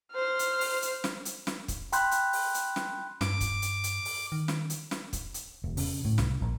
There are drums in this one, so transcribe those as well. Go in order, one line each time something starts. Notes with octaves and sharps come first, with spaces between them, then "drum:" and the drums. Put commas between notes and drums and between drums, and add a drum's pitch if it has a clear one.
C5 F6
drum: hi-hat
drum: open hi-hat
drum: hi-hat
drum: snare
drum: hi-hat
drum: snare
drum: kick, hi-hat
G5 B5 C6 F#6 G6, drum: hi-hat
drum: hi-hat
drum: open hi-hat
drum: hi-hat
drum: snare
G2 D6, drum: snare
drum: kick, hi-hat
drum: hi-hat
drum: hi-hat
drum: open hi-hat
D#3
drum: snare
drum: hi-hat
drum: snare
drum: kick, hi-hat
drum: hi-hat
E1
C#3, drum: open hi-hat
A2
C2, drum: snare
A#1